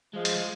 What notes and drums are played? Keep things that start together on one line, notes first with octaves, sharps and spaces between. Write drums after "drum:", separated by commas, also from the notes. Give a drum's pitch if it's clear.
F3 G#3
drum: hi-hat
G#3